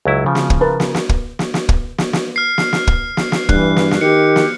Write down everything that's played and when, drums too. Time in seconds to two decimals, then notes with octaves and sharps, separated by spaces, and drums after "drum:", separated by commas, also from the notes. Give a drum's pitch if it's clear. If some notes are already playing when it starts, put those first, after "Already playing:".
0.05 C#2 F#3 E4
0.26 C#3 F3
0.35 drum: snare
0.50 drum: kick
0.61 A#4 B4 A5
0.80 drum: snare
0.95 drum: snare
1.09 drum: kick
1.39 drum: snare
1.54 drum: snare
1.69 drum: kick
1.98 drum: snare
2.13 drum: snare
2.36 F6 C7
2.58 drum: snare
2.73 drum: snare
2.87 drum: kick
3.17 drum: snare
3.32 drum: snare
3.49 G2 E3 F#6, drum: kick
3.76 drum: snare
3.91 drum: snare
4.01 D#3 G4 C#7
4.36 drum: snare